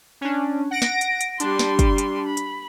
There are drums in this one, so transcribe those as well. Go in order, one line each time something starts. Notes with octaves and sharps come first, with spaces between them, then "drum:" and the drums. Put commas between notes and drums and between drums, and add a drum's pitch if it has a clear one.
C#4 D4
F#5 A#6 D7
drum: snare
drum: hi-hat
drum: hi-hat
G3 D4 C6, drum: hi-hat
drum: snare
drum: kick, hi-hat
drum: hi-hat
B5
drum: hi-hat